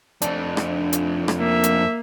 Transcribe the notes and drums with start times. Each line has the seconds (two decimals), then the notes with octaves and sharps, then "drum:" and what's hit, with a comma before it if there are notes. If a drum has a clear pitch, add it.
0.22 F2 A3 D4, drum: hi-hat
0.57 drum: rim click
0.93 drum: hi-hat
1.28 drum: rim click
1.39 A#3 E5
1.63 drum: hi-hat